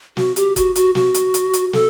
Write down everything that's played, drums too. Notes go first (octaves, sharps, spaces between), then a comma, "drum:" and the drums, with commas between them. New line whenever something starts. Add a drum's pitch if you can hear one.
F#4, drum: snare
G4, drum: hi-hat
F#4, drum: kick F#1, hi-hat
F#4, drum: hi-hat
F#4, drum: snare
drum: hi-hat
drum: hi-hat
drum: hi-hat
A4, drum: snare